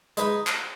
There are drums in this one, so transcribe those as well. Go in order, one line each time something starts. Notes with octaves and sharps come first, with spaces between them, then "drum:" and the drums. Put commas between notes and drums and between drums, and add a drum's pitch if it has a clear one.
G#3 D#4 B4, drum: hi-hat
drum: clap